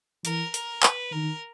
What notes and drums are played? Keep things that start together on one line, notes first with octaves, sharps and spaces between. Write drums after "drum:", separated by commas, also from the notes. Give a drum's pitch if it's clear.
E3 A#4, drum: hi-hat
A#4, drum: hi-hat
B4, drum: clap
D#3 A#4